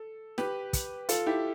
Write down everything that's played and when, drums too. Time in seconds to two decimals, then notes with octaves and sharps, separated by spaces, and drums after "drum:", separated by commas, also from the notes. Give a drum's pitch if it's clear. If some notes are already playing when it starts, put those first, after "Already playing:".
Already playing: A4
0.38 G4 B4, drum: snare
0.73 drum: kick, hi-hat
1.09 F4 A4, drum: hi-hat
1.26 E4 G4